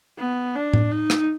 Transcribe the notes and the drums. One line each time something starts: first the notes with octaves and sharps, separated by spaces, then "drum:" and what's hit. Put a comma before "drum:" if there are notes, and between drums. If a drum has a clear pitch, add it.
B3
D4
drum: tom A2
D#4
drum: rim click